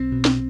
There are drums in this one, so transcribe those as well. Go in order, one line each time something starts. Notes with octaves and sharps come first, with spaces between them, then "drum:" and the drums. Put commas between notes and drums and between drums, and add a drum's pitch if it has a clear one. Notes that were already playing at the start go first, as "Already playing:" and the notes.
Already playing: B1 C4
B2
drum: snare